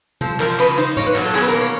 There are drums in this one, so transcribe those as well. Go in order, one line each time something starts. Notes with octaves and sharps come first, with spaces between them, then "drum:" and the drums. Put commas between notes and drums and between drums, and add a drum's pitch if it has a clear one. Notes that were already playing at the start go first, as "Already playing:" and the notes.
F3 A4, drum: tom B2
F3 A#4, drum: clap
C#3 B4, drum: clap
D#4 C5
A#3 C#5, drum: tom A2
B4
F#3, drum: clap
A4
B2 G#4, drum: clap
B4
A#4
A#3
C#5